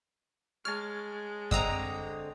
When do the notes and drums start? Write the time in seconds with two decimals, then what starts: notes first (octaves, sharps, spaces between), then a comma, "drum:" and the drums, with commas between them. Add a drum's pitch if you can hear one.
0.65 G#3 C#5 A5 F6
1.51 D3 C4 D#5 A#5 D#6 E6, drum: kick F#2